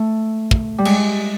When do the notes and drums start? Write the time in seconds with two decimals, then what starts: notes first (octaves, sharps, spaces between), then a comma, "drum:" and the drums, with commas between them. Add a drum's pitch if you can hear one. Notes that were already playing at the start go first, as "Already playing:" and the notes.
Already playing: A3
0.51 drum: kick
0.78 G3
0.85 G#3, drum: cymbal